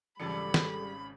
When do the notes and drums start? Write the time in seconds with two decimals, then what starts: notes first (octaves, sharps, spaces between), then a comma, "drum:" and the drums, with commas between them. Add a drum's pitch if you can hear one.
0.20 G#1 C#3 E3 G3 A4 D5 B5 C#7
0.54 drum: snare